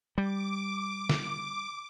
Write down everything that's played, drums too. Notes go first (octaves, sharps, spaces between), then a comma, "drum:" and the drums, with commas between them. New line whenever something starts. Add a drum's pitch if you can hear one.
G3 D6
drum: snare